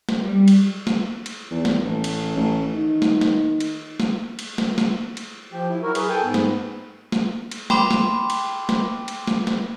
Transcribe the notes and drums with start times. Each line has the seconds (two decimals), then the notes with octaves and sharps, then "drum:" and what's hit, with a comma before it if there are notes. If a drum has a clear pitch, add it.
0.09 drum: snare
0.21 G3
0.48 drum: cymbal
0.87 drum: snare
1.26 drum: cymbal
1.51 E2
1.65 drum: snare
1.85 A1
2.04 drum: cymbal
2.37 A1
2.74 D#3
3.02 drum: snare
3.21 drum: snare
3.60 drum: cymbal
4.00 drum: snare
4.39 drum: cymbal
4.58 drum: snare
4.78 drum: snare
5.17 drum: cymbal
5.52 F3 G4
5.69 E4
5.83 F#3 E4 F#4 A#4
5.95 G#4 B4, drum: cymbal
6.09 G#4 A4 G5 G#5
6.23 G#2 B3
6.34 drum: snare
7.12 drum: snare
7.52 drum: cymbal
7.70 G5 B5 C6 D6, drum: snare
7.91 drum: snare
8.30 drum: cymbal
8.69 drum: snare
9.08 drum: cymbal
9.27 drum: snare
9.47 drum: snare